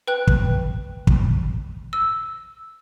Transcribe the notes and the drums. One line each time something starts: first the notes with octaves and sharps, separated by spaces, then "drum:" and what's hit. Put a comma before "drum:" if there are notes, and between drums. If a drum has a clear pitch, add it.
B4 G5 F#6
drum: kick
drum: kick
E6